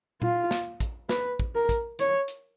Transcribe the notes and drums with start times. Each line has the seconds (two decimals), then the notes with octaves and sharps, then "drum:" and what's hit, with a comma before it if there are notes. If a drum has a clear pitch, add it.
0.22 F4, drum: tom A#2
0.51 drum: snare
0.80 drum: kick, hi-hat
1.09 B4, drum: snare
1.40 drum: kick
1.55 A#4
1.69 drum: kick, hi-hat
1.99 C#5, drum: hi-hat
2.28 drum: hi-hat